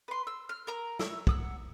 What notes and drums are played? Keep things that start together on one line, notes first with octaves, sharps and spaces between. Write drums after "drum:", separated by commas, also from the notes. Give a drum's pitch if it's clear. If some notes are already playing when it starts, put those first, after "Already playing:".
B4 C6
E6
F6
A#4 A#5
E4 C#6, drum: snare
F#5 D#6 E6, drum: kick